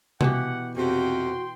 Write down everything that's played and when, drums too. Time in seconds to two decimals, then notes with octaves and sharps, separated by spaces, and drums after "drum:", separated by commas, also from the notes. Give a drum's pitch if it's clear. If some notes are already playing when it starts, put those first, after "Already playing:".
0.21 B2 E3 G4 F#5, drum: tom C3
0.76 F2 C3 F#4 G5 C6